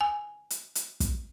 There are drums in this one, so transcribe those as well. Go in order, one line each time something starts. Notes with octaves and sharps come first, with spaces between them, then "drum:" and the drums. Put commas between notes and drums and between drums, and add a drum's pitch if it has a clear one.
G#5
drum: hi-hat
drum: hi-hat
drum: kick, hi-hat